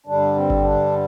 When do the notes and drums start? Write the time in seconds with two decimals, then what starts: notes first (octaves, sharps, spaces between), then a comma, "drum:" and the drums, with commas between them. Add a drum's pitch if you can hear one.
0.06 G2 D3 G3 D4
0.36 C4
0.50 drum: kick G#1
0.64 D4